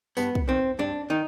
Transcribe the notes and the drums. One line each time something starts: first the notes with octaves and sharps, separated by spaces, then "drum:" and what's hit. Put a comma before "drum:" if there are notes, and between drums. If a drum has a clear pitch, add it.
G2 B3, drum: tambourine
drum: kick
D#3 C4
G2 D4
D#3 D#4